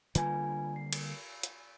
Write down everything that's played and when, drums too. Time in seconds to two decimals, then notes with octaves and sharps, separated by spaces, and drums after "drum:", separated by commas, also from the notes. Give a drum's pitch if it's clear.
0.15 D3 G3 A#3 F4 B4 G#5, drum: hi-hat
0.76 C7
0.93 drum: cymbal
1.43 drum: hi-hat